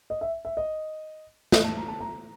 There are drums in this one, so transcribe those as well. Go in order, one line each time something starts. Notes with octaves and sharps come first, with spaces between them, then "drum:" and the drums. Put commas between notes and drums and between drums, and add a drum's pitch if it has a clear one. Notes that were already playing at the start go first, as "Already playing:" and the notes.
D#5
E5
E5
D#5
D#5, drum: snare
A5
A#5
A5
A#5